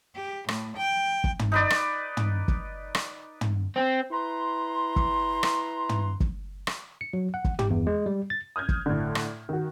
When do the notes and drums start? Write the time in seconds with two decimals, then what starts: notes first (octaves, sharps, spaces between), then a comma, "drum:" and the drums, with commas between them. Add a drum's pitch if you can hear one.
0.15 G4
0.48 A2, drum: rim click
0.77 G5
1.24 drum: kick G1
1.39 drum: tom
1.52 D#4 B4 D5
1.70 drum: rim click
2.17 drum: tom
2.48 drum: kick G1
2.95 drum: rim click
3.41 drum: tom
3.76 C4
4.11 E4 B4 A#5 C6
4.96 drum: kick G1
5.43 drum: rim click
5.89 drum: tom
6.20 drum: kick G1
6.67 drum: rim click
7.01 C#7
7.13 F#3
7.34 F#5
7.45 drum: kick G1
7.59 G4, drum: tom
7.71 E2
7.87 G#3
8.06 G3
8.30 A6
8.56 D#6 F6 G6 G#6
8.69 drum: kick G1
8.86 A2 D3
9.15 drum: rim click
9.49 D#3 F#4